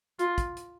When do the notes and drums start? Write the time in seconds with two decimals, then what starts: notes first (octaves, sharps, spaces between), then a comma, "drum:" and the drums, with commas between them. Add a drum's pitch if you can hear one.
0.19 F4, drum: hi-hat
0.38 drum: kick, hi-hat
0.57 drum: hi-hat